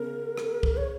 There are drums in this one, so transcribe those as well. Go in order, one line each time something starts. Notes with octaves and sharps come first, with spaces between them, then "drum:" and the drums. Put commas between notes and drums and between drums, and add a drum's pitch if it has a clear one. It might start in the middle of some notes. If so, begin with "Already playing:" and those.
Already playing: C#3 B3 A#4
drum: rim click
drum: kick
C#5